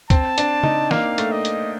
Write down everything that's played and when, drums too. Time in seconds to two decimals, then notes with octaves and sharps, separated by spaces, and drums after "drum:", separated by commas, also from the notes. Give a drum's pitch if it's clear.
0.10 C4 A5, drum: kick, hi-hat
0.38 D4, drum: hi-hat
0.63 D#4, drum: tom C#3
0.91 A#3 F5, drum: snare
1.18 A3, drum: hi-hat
1.32 D#5
1.45 drum: hi-hat